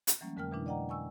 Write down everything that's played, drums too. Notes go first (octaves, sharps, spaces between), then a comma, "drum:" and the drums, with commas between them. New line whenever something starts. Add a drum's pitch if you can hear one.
drum: hi-hat
E3 F#3 G3 A3 A#3 C#4
F2 D3 G#3 A#4 G5 F6
B2 E3 G#3 D4 E4
D5 D#5 F#5 G5 A#5
G#5 C#6 E6